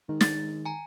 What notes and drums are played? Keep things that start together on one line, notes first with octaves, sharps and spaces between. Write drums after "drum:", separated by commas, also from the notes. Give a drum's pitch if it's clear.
G#2 D#3
A6, drum: snare
G#5 A#5